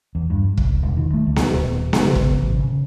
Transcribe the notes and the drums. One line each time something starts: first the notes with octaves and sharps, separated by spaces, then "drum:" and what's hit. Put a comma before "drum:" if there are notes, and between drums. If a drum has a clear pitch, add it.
E2
G2
C#2, drum: kick
E1
D#3
A3
D2
drum: snare B3
D#1
G#3, drum: snare B3
C#3
drum: kick
A1
C#3